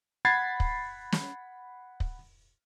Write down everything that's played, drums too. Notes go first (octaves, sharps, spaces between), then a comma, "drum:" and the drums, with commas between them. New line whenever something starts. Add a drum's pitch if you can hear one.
F#5 B5 G#6 A6 C7
drum: kick
drum: snare
drum: kick